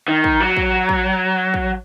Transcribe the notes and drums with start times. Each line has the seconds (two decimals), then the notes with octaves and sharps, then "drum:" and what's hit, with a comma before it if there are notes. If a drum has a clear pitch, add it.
0.08 D#3
0.24 drum: kick
0.40 F#3
0.57 drum: kick
0.89 drum: kick
1.54 drum: kick